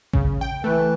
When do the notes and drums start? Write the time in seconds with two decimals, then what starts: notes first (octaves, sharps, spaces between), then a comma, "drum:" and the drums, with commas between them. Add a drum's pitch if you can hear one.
0.13 C#3, drum: kick A1
0.41 G5
0.64 E3 A3 B4